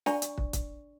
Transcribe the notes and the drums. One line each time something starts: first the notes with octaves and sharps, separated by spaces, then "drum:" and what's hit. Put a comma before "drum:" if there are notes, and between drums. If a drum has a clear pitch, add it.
D4 D5 F#5 G#5 A#5 C#6, drum: snare
drum: hi-hat
drum: kick
drum: kick, hi-hat